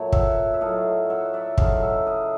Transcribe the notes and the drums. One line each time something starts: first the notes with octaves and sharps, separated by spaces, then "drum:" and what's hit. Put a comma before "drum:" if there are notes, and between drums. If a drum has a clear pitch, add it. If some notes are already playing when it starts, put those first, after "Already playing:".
Already playing: A#2 F#3 A3 C#5
E5 F#5, drum: kick
E5
A2 F#3 A3 D#5 F5
E5 F#5
D5 E5
C#3 F#3 A3 D#5 F5, drum: kick
E5 F#5
D#5 F5